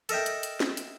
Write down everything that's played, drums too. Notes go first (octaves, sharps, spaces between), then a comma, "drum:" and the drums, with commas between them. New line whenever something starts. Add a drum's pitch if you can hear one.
A4 A#4 D#5 E5 G5, drum: hi-hat
drum: hi-hat
drum: hi-hat
drum: snare
drum: hi-hat